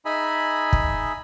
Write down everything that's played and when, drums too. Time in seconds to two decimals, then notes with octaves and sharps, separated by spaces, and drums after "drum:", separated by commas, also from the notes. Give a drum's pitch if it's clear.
0.05 D#4 G#4 D#5 E5 G#5 B5
0.73 drum: kick